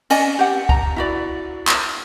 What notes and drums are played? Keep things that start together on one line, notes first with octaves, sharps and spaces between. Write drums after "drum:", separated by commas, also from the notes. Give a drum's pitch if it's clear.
C#4 D5 D#5 G#5, drum: cymbal
G4 F#5
A#5, drum: kick
E4 F#4 D5
drum: clap